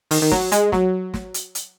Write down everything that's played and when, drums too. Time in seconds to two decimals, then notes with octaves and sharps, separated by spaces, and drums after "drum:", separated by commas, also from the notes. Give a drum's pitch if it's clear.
0.11 D#3, drum: open hi-hat
0.22 D#3
0.32 F#3, drum: snare
0.52 G#3, drum: hi-hat
0.72 F#3, drum: snare
1.14 drum: snare
1.34 drum: hi-hat
1.55 drum: hi-hat